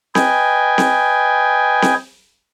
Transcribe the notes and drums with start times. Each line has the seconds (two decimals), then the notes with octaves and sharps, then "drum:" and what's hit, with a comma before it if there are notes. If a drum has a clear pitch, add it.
0.15 B4 D#5 G5 G#5, drum: snare C4
0.78 drum: snare C4
1.82 drum: snare C4